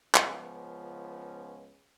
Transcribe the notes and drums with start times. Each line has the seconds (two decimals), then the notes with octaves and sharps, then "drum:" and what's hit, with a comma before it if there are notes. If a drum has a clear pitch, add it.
0.15 C#2 F3 B3 C#4, drum: clap